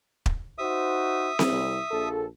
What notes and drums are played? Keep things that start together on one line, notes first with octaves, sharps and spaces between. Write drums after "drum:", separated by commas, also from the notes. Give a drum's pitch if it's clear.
drum: kick
D#4 F#4 C5 E5 D#6
drum: snare C4
C2
A#1 A4